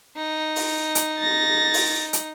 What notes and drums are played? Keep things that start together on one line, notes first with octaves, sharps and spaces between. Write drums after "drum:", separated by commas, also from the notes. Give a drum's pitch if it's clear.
D#4
drum: open hi-hat
drum: hi-hat
A6 A#6
drum: open hi-hat
drum: hi-hat